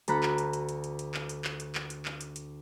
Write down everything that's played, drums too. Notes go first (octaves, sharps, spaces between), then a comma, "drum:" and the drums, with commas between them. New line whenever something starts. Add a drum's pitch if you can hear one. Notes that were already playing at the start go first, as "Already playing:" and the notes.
D2 A4 A#5 B5 F#6, drum: hi-hat
drum: clap
drum: hi-hat
drum: hi-hat
drum: hi-hat
drum: hi-hat
drum: hi-hat
drum: clap
drum: hi-hat
drum: clap
drum: hi-hat
drum: clap
drum: hi-hat
drum: clap
drum: hi-hat
drum: hi-hat